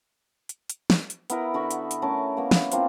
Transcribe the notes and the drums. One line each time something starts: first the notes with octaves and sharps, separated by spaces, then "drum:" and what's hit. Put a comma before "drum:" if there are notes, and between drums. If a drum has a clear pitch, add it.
drum: hi-hat
drum: hi-hat
drum: snare
drum: hi-hat
B3 E4 A#4, drum: hi-hat
D3 F#4 B5 C#6
drum: hi-hat
drum: hi-hat
A3 C#4 A#4 A5
A#3 B3
drum: snare
A#3 C4 D4 F4, drum: hi-hat